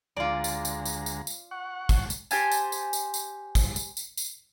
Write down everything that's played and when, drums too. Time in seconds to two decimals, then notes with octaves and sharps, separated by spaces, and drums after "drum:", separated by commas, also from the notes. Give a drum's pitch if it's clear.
0.16 D2 G#3 F4 D5 A#5
0.44 drum: tambourine
0.65 drum: tambourine
0.86 drum: tambourine
1.06 drum: tambourine
1.27 drum: tambourine
1.51 F#5 C#6
1.89 drum: kick, tambourine
2.10 drum: tambourine
2.31 G4 C5 G#5 A5, drum: tambourine
2.51 drum: tambourine
2.72 drum: tambourine
2.93 drum: tambourine
3.14 drum: tambourine
3.55 drum: kick, tambourine
3.76 drum: tambourine
3.97 drum: tambourine
4.17 drum: tambourine